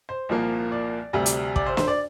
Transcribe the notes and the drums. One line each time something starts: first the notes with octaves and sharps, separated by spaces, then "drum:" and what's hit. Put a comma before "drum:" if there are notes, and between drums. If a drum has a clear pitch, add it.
C5
C2 A#2 F3 A#3
D5
D2 C3 G3
drum: hi-hat
D5, drum: kick
C5
C5, drum: snare
D5